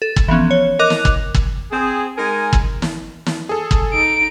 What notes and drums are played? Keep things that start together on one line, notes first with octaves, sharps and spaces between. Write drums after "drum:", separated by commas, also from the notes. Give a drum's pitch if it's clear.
A4
drum: kick
E3 F3 B3 C#4
C#5
A#4 D#5 D6 F#6 F7
drum: snare
drum: kick
drum: kick
C4 G#4
G#3 D#4 A#4 G#5
drum: kick
drum: snare
drum: snare
G#4 A4
drum: kick
D#4 D7